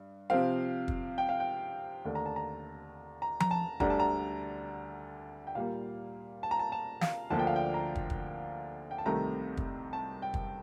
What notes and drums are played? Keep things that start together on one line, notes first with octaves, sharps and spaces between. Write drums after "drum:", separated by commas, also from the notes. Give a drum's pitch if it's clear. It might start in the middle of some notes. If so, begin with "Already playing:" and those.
Already playing: G2
C3 F3 C4 F5
drum: kick
G5
F5
G5
D#2 D3 A3 D4
A#5
A5
A#5
A#5
A#5, drum: tom F3
A5
D2 D3 G3 D4 A#5, drum: kick
A5
A#5
G5
A#2 G3 A#3 F5
A5
A#5
A5
A5
F5, drum: snare
D2 D3 F3 A#3 D4 A5
G5
F5
G5
A#5
drum: kick
drum: kick
G5
A5
C2 C3 D#3 A3 A#5
drum: kick
A5
G5
drum: kick